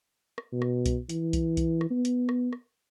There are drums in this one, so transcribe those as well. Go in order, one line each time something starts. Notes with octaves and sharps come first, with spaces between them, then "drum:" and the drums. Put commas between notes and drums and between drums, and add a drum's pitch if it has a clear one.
drum: rim click
B2
drum: rim click
drum: kick C2, hi-hat
E3, drum: hi-hat
drum: kick C2, hi-hat
drum: kick C2, hi-hat
drum: rim click
B3
drum: hi-hat
drum: rim click
drum: rim click